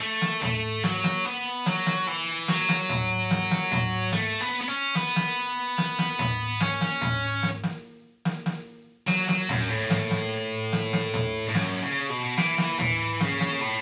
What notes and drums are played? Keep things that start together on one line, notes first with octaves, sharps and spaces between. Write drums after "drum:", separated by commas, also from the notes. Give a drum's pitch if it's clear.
A3
drum: snare
A3, drum: tom
F#3, drum: snare
drum: snare
B3
F#3, drum: snare
drum: snare
E3
F#3, drum: snare
drum: snare
drum: tom
drum: snare
drum: snare
drum: tom
A3, drum: snare
B3
B3
C#4
B3, drum: snare
drum: snare
drum: snare
drum: snare
drum: tom
C#4, drum: snare
drum: snare
drum: tom
drum: snare
drum: snare
drum: snare
drum: snare
F#3, drum: snare
F#3, drum: snare
F#2, drum: tom
A2
drum: snare
drum: snare
drum: snare
drum: snare
drum: tom
A2
F#2, drum: snare
C#3
B2
E3, drum: snare
drum: snare
E3, drum: tom
C#3, drum: snare
drum: snare
A2